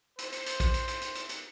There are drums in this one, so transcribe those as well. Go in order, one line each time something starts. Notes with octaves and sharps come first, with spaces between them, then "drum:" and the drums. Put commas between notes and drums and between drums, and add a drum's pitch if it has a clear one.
C5, drum: hi-hat
drum: hi-hat
drum: hi-hat
drum: kick A#1, hi-hat
drum: hi-hat
drum: hi-hat
drum: hi-hat
drum: hi-hat
drum: hi-hat